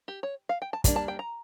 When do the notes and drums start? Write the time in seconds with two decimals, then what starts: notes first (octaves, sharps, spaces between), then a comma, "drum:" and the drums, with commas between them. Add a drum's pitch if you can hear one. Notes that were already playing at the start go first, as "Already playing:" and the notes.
0.08 G4
0.23 C#5
0.49 F5
0.62 G5
0.73 A5
0.84 G3 A#3 D4 A#5, drum: kick, hi-hat
0.96 A5
1.08 G5
1.19 A#5